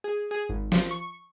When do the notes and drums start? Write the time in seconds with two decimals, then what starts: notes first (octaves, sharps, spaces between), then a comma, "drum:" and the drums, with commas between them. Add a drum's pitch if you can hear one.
0.04 G#4
0.31 G#4
0.49 G#1
0.72 F3, drum: snare
0.91 C#6